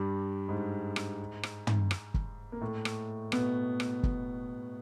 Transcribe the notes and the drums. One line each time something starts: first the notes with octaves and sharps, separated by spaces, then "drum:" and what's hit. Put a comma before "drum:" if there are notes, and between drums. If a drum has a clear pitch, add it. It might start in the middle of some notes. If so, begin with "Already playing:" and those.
Already playing: G2 G3
G#2 G#3
drum: rim click
drum: rim click
drum: tom
drum: rim click
drum: kick
A#3
A2 A3
drum: rim click
B2 B3, drum: rim click
drum: rim click
drum: kick